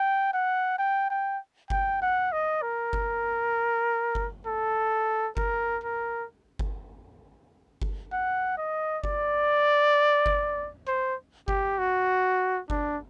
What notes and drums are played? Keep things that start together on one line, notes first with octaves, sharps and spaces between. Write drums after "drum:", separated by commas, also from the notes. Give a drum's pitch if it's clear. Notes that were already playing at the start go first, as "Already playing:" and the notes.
Already playing: G5
F#5
G5
G5
G5, drum: kick G1
F#5
D#5
A#4
drum: kick G1
drum: kick G1
A4
A#4, drum: kick G1
A#4
drum: kick G1
drum: kick G1
F#5
D#5
D5, drum: kick G1
drum: kick G1
C5
G4, drum: kick G1
F#4
D4, drum: kick G1